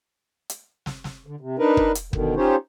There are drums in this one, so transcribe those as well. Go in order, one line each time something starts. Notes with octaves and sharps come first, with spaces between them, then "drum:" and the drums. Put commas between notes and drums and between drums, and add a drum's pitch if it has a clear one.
drum: hi-hat
drum: snare
drum: snare
D3
C3
D4 D#4 A#4 B4
drum: kick
drum: hi-hat
B2 D3 D#3, drum: kick
C#4 D#4 F4 G4 C5 C#5